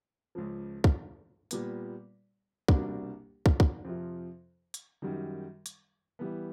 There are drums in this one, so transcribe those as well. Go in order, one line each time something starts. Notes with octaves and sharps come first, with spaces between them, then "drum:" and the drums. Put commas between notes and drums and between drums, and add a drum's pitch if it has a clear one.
C#2 C#3 F3
drum: kick
A#2 G3 B3, drum: hi-hat
C2 B2 G3 A#3 D4, drum: kick
drum: kick
drum: kick
F2 C3 F3
drum: hi-hat
F#2 D#3 G3
drum: hi-hat
E3 G3 B3